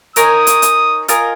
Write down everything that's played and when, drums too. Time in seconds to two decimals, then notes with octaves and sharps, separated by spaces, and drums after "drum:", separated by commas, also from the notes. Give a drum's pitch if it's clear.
0.16 D#4 A#4 C#5 G#5 D#6, drum: hi-hat
0.47 drum: hi-hat
0.62 drum: hi-hat
1.08 F4 A#4 D#5 G#5, drum: hi-hat